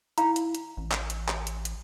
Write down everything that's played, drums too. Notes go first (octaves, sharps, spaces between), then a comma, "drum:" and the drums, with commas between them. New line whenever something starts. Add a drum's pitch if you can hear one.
E4 F5 A#5, drum: hi-hat
drum: hi-hat
drum: hi-hat
A1
drum: clap
drum: hi-hat
drum: clap
drum: hi-hat
drum: hi-hat